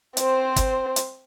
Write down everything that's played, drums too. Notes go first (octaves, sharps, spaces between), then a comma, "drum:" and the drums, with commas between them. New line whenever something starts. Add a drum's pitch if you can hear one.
C4 C5, drum: hi-hat
drum: kick, hi-hat
drum: hi-hat